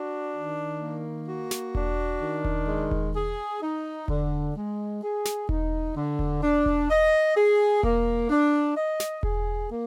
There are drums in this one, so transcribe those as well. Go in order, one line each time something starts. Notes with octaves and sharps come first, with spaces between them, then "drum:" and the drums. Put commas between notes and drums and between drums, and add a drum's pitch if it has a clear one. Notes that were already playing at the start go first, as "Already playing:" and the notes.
Already playing: D4 F#4
D#3
A#3
F#4
drum: snare
D4, drum: kick E1
D#3
drum: kick E1
G#3
drum: kick E1
G#4
D#4
D3, drum: kick E1
G#3
G#4
drum: snare
D#4, drum: kick E1
D3
drum: kick E1
D4
drum: kick E1
D#5
G#4
A#3, drum: kick E1
D4
D#5
drum: snare
G#4, drum: kick E1
A#3